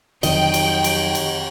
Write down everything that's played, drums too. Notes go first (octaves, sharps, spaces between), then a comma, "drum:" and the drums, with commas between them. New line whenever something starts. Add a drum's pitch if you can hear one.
F2 D#3 F#3 D#5 G5, drum: cymbal
drum: cymbal
drum: cymbal
drum: cymbal